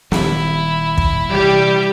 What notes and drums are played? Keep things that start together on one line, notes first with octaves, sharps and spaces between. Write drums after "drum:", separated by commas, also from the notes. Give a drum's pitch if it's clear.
D#1 D#3 G3 E4, drum: snare
drum: kick
C3 E3 G3 G4